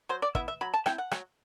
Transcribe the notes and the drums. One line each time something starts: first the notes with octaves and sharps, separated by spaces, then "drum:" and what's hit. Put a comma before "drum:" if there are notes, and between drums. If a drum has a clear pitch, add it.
F#3 C5
D5
B3 E4 E5, drum: kick
E5
F#3 B5
A5
C4 E4 G5, drum: rim click
F#5
F#3, drum: rim click